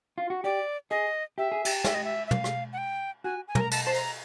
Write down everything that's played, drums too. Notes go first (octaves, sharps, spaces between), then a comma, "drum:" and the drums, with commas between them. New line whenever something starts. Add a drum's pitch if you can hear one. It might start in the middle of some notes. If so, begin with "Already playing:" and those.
F4
F#4
G4 D5
G#4 D#5
G4 E5
G#4
G4, drum: cymbal
E5, drum: snare
D#5
E5
E5
F5, drum: tom
drum: rim click
F#5
G5
F#4 G#5
G#5
A#4, drum: tom
A#5
A5, drum: cymbal
C5 A5
A#5, drum: open hi-hat